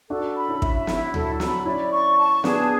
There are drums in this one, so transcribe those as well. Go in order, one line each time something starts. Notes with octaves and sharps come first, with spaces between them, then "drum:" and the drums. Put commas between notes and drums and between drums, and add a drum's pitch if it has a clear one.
D4 F#4 A4
B5
C#4 E4
E5, drum: kick
E4, drum: snare
F#3 A4, drum: tom D2
F#3 B5, drum: snare
C#4 E4 D5
C#6
A5
B3 D4 G#4, drum: snare